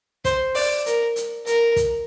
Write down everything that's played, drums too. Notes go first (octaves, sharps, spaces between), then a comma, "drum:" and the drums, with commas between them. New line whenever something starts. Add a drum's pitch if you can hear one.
C5, drum: kick, hi-hat
D5, drum: open hi-hat
A#4, drum: hi-hat
drum: hi-hat
A#4, drum: hi-hat
drum: kick, hi-hat